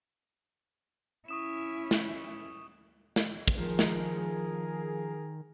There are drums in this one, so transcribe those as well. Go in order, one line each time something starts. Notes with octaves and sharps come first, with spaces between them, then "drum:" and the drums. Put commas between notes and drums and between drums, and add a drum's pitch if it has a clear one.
C#4 E4 C#6 D#6 E7
drum: snare
drum: snare
drum: kick
D#3 F3 G#4 A#4
drum: snare